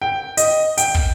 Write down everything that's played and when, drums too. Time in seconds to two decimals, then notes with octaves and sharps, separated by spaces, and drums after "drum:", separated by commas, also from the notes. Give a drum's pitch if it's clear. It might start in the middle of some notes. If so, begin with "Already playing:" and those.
0.02 G5
0.37 D#5, drum: hi-hat
0.78 G5, drum: hi-hat
0.95 drum: kick